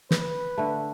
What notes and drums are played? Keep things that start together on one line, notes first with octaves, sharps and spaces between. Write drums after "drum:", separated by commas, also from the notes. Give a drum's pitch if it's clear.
B4, drum: snare
D3 A3